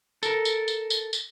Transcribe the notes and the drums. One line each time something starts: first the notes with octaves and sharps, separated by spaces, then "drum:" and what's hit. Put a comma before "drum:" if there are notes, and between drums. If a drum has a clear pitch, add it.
A4 A#4, drum: tambourine
drum: tambourine
drum: tambourine
drum: tambourine
drum: tambourine